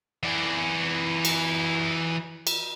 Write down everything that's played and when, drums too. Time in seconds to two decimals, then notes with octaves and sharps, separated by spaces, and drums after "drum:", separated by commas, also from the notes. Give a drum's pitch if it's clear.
0.23 E3 D5
1.25 drum: cymbal
2.47 drum: cymbal